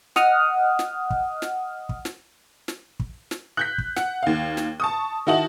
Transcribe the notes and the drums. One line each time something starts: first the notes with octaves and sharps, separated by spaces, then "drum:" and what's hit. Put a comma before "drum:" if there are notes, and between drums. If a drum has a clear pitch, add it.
D#5 F#5 D#6 F6, drum: snare
drum: snare
drum: kick
drum: snare
drum: kick
drum: snare
drum: snare
drum: kick
drum: snare
F#6 G6 B6
drum: kick
F#5, drum: snare
D#2 F5
drum: snare
A5 C#6 D#6
D#3 E4 F#4 D#5 A5 F#7